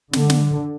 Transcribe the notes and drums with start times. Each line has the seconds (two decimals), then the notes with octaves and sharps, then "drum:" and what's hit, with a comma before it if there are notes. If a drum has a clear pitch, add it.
0.13 D3, drum: snare
0.30 drum: snare